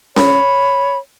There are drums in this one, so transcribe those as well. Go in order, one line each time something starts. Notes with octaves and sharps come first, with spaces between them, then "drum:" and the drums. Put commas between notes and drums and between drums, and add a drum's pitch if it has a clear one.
C#5 B5, drum: snare C#4